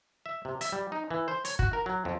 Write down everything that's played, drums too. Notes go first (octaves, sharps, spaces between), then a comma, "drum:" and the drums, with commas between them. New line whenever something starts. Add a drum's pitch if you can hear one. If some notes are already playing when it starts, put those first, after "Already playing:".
E5
C3
E5, drum: hi-hat
G3
D#4
E3
C5
C#5, drum: hi-hat
F#4, drum: kick
A#4
F#3
F2